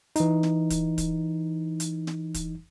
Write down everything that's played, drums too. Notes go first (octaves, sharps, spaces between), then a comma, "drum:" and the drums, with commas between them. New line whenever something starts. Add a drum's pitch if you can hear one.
E3 D#4, drum: hi-hat
drum: snare
drum: kick, hi-hat
drum: kick, hi-hat
drum: hi-hat
drum: snare
drum: kick, hi-hat